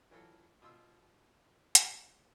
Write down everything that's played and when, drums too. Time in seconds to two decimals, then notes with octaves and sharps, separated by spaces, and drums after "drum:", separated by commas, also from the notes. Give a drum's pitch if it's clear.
0.11 E3 F#3 F4 A4
0.62 B2 F4 C6 E6
1.75 drum: hi-hat